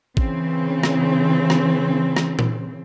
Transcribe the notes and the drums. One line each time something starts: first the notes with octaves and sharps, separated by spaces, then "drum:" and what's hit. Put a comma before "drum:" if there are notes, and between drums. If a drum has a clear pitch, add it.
C#3 E3 C4, drum: kick
drum: rim click
drum: rim click
drum: rim click
drum: tom A#2